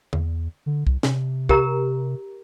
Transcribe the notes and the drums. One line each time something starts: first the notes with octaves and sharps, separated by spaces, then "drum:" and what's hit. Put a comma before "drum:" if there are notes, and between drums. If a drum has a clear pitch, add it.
E2, drum: tom
D3
C2, drum: kick
C3, drum: snare
G4 A#4 A#5, drum: kick